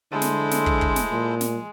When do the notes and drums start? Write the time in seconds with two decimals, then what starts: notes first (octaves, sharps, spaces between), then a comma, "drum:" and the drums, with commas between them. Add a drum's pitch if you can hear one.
0.12 D3 G#3 E4 A4 C5
0.22 drum: snare
0.51 drum: snare
0.66 drum: kick
0.81 drum: kick
0.96 drum: snare
1.11 A#2
1.41 drum: snare